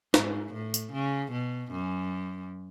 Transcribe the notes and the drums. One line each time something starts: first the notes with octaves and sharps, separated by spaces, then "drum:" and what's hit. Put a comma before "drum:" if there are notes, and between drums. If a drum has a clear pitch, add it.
G#2, drum: snare
A2
drum: tambourine
C#3
B2
F#2